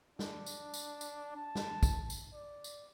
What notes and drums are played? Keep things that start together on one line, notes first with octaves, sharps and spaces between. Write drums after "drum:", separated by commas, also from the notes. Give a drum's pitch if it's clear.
D4, drum: snare
drum: tambourine
drum: tambourine
drum: tambourine
A5
drum: snare
drum: kick, tambourine
drum: tambourine
D5
drum: tambourine